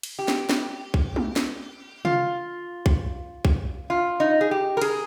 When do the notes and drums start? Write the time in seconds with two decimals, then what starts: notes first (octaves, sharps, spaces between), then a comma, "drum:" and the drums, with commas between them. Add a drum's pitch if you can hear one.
0.03 drum: cymbal
0.19 G4
0.28 drum: snare
0.49 drum: snare
0.94 drum: kick
1.16 drum: tom G#3
1.36 drum: snare
2.05 F4, drum: tom C3
2.86 drum: kick
3.45 drum: kick
3.90 F4
4.20 D#4
4.41 G#4
4.51 G4
4.77 A#4
4.82 G#4, drum: cymbal